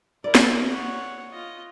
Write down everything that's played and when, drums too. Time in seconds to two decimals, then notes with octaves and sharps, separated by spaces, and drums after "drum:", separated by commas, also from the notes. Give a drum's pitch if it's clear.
0.24 E4 A#4 D5
0.35 drum: snare
0.71 C#5 F#5
1.32 F4 D#5